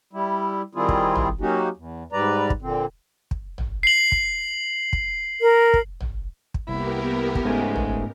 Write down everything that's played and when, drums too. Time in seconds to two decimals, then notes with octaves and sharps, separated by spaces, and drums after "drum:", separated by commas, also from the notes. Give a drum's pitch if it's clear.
0.13 G3 E4
0.75 D#3 G3 C4 E4 F4 G#4
0.89 drum: kick
1.15 drum: tom
1.41 F#3 A#3 C#4 D#4 F#4 G4
1.77 E2
2.12 G#2 G3 B4 D5 A#5
2.50 drum: kick
2.62 A#2 D3 C4
3.31 drum: kick
3.58 drum: tom
3.83 C7 F#7
4.12 drum: kick
4.93 drum: kick
5.41 A#4
5.74 drum: kick
6.00 drum: tom
6.54 drum: kick
6.68 C2 A#3 B3 E4 G4 A#4
7.35 drum: kick
7.45 G#2 C#3 G#3 A3 G#5
7.76 drum: tom